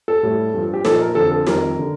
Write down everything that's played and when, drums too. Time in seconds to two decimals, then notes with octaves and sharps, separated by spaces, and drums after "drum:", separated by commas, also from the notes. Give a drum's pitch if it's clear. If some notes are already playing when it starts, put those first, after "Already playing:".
0.08 A4
0.23 A2 G3
0.54 G2 F3
0.74 G4
0.85 A#2 F3 A4, drum: snare
1.00 A#4
1.15 F2 D3 F3 A4
1.32 A4
1.47 F2 D#3 G3 A#4, drum: snare
1.79 D3